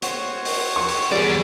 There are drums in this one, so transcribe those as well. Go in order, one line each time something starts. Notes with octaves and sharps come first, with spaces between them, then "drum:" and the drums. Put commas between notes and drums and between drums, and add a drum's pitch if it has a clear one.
F#4 C5 C#5, drum: hi-hat
drum: open hi-hat
C#6
drum: open hi-hat
E2 G3 G#4 D5